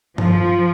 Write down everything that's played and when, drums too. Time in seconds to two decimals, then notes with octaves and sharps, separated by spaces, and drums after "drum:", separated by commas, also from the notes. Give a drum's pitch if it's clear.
0.18 F3, drum: tom G2